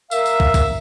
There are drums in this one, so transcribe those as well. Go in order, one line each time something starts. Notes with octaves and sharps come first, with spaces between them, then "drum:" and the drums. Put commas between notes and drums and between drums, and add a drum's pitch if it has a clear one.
A#4 E5 F5, drum: tambourine
drum: tambourine
drum: kick
drum: kick, tambourine